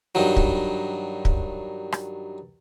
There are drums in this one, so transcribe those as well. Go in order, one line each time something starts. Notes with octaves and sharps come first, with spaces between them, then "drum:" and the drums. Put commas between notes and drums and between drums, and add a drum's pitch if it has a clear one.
G2 D#3 F#3
drum: kick
drum: kick
drum: rim click